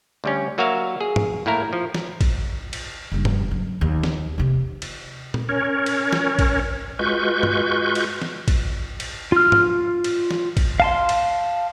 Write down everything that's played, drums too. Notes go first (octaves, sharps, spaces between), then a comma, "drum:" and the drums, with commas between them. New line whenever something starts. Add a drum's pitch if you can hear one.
D2 G3 C#4
F#3 A#3 F#4 E5 F5
G#4
drum: tom
A2 A#3 E4 A#4
F3
drum: snare
drum: kick A1, cymbal
drum: cymbal
F#1 G2
drum: tom
F#2
D#2
drum: snare
E2 C3
drum: cymbal
drum: tom A#2
C#4 A#4 C#5
drum: cymbal
drum: snare
drum: kick A1, cymbal
G#3 F4 F#4 B4 C#6 G6
drum: tom G2
drum: cymbal
drum: snare
drum: kick A1, cymbal
drum: cymbal
F4 F6
drum: tom
drum: cymbal
drum: snare
drum: kick A1, cymbal
F5 A5 C6
drum: cymbal